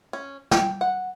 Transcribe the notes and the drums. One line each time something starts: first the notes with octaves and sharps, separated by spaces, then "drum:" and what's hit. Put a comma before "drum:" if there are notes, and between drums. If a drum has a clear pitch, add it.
C#4
G5, drum: snare
F#5